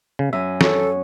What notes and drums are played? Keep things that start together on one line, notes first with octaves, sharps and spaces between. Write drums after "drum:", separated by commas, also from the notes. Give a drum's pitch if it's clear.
C#3
F#2 E5 G#5
A4 C#5, drum: snare